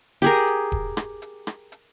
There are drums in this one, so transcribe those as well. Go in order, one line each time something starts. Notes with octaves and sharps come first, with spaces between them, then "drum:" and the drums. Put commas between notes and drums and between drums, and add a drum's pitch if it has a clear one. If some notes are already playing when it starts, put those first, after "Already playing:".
G4 G#4 A#4, drum: hi-hat
drum: hi-hat
drum: kick D#1
drum: rim click
drum: hi-hat
drum: rim click
drum: hi-hat